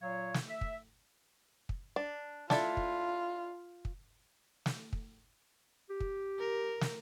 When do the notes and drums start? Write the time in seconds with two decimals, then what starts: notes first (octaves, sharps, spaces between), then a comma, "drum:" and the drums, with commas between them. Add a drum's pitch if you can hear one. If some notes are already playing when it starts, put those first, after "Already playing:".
0.01 A#2 F#3 C#5 F5
0.34 drum: snare
0.48 E5
0.61 drum: kick
1.69 drum: kick
1.96 D4
2.50 D4 E4 F4 A4, drum: snare
2.77 drum: kick
3.85 drum: kick
4.66 drum: snare
4.93 drum: kick
5.90 G4
6.00 drum: kick
6.39 A#4
6.81 drum: snare